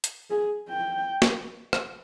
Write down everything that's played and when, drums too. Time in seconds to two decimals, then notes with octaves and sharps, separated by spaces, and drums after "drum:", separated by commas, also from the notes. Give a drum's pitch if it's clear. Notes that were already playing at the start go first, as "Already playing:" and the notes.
0.04 drum: hi-hat
0.30 G#4
0.69 G5
1.22 drum: snare
1.73 drum: rim click